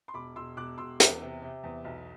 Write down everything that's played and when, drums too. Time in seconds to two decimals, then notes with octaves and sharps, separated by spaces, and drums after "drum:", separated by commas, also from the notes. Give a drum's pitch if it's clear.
0.08 C6
0.14 E1 B5 D6
0.36 E1 C6 E6
0.57 E1 D6 F#6
0.78 E1 C6 E6
1.00 E2, drum: hi-hat
1.21 C3
1.42 C3
1.63 E2
1.84 B1